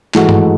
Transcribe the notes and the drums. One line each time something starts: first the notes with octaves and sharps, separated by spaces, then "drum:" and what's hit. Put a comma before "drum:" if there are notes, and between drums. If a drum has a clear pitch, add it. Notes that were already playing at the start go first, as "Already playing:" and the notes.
G#2 E3 A3 D#4 F#4, drum: clap
drum: tom G2